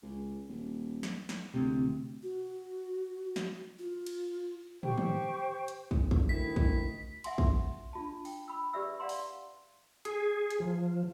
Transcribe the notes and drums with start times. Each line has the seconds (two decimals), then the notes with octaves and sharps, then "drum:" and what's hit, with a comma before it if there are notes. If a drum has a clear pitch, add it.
0.02 C#2
0.48 D#1
1.03 drum: snare
1.29 drum: snare
1.54 D1 D2 C3
2.23 F#4
3.36 drum: snare
3.79 F4
4.06 drum: cymbal
4.83 G4 C5 G5 C#6, drum: tom
4.98 drum: tom
5.68 drum: hi-hat
5.91 drum: kick
6.11 drum: kick
6.29 D2 D#3 E4 B6
6.56 drum: kick
7.24 E5 F#5 G#5 C6, drum: cymbal
7.38 drum: kick
7.93 D4 F4 A5
8.25 G5, drum: open hi-hat
8.48 B5 E6
8.73 G4 B4 D5 E5 E6
9.00 D5 F5 F#5 A#5 C6
9.09 drum: open hi-hat
10.05 G#4, drum: hi-hat
10.50 drum: hi-hat
10.60 F3